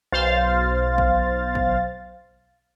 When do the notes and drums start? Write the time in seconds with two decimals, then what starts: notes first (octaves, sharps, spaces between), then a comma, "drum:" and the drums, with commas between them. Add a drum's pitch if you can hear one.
0.12 B1 C5 F5 A6
0.98 drum: kick
1.55 drum: kick